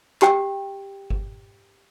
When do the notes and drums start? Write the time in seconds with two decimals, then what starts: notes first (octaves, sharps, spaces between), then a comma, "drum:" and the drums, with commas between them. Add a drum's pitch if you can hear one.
0.22 G4 G5, drum: clap
1.10 drum: kick G1